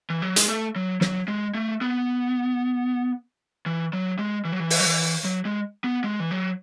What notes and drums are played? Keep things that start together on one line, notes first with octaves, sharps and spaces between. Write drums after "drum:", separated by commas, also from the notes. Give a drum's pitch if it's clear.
E3
F#3
G#3, drum: hi-hat
A3
F#3
F#3, drum: snare
G#3
A3
B3
E3
F#3
G#3
E3
F#3
E3
drum: open hi-hat
F#3
E3
F#3
G#3
B3
G#3
E3
F#3